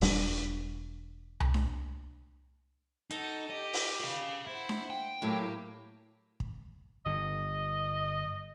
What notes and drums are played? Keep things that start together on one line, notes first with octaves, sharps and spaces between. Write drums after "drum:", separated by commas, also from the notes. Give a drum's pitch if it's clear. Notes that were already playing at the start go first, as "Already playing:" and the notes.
E1 G3 D4, drum: open hi-hat
drum: tom C2
drum: snare D4
D#4 F#4 A4, drum: hi-hat
G4 D#5
drum: open hi-hat
G#4 F5
E4 C5 F#5
drum: snare D4
G5
A2 F#3 A#3 G4
drum: kick
G1 D3 D#5